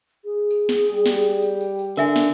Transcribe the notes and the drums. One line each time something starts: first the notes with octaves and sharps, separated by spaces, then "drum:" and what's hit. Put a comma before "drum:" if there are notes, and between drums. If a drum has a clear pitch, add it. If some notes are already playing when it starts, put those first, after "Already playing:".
G#4
drum: tambourine
drum: snare
G3 G4, drum: tambourine
drum: snare
drum: tambourine
drum: tambourine
drum: tambourine
D3 A#4 E5 G#5, drum: tambourine
drum: snare